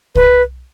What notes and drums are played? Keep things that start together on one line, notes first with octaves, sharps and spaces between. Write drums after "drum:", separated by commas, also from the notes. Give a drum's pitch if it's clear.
B4, drum: kick C2